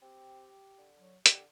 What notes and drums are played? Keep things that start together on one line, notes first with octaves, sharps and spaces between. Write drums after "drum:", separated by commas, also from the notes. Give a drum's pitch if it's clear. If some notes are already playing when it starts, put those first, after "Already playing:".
C4 G4
D3
F#3
D3 G4, drum: hi-hat